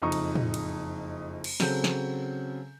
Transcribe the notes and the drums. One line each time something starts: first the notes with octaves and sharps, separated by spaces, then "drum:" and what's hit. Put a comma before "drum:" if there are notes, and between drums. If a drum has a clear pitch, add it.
F#1 F2 D#4 A#5 C#6 D#6
drum: cymbal
drum: tom A2
drum: cymbal
drum: cymbal
C#3 F#3 C4 A4 G6, drum: snare
drum: snare